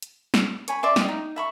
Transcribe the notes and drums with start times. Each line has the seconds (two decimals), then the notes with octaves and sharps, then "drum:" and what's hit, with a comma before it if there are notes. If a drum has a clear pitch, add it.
0.02 drum: hi-hat
0.34 drum: snare
0.68 C#5 G#5 B5, drum: hi-hat
0.83 D5 E5 C6
0.96 D#5 G5, drum: snare
1.08 D#4
1.36 E5 B5 C#6